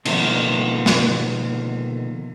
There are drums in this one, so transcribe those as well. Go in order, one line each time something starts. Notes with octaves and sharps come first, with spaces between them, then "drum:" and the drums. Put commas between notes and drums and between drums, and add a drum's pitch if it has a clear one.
B2 D3 D#3 F3 A#3 B3, drum: cymbal
drum: snare